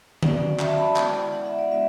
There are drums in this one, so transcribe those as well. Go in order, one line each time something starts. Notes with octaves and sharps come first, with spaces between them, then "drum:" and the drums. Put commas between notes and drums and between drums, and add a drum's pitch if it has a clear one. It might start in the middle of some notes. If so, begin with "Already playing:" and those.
F#3 C#4 F#4 D5, drum: tom D3
E5, drum: clap
A5
B5
D5
G#3 B3 E4, drum: clap
F#5
E5
D5
G#3 B3 D4 F#4 E5